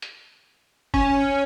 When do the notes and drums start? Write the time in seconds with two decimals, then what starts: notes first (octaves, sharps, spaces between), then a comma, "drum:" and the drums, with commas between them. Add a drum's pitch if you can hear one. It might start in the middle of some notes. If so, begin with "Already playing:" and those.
0.02 drum: hi-hat
0.94 C#4, drum: kick